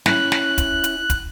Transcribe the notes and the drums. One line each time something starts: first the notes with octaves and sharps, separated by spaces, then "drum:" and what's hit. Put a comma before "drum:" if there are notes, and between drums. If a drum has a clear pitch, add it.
C#4 E4 F#6, drum: snare
drum: snare
drum: kick, hi-hat
drum: hi-hat
drum: kick, hi-hat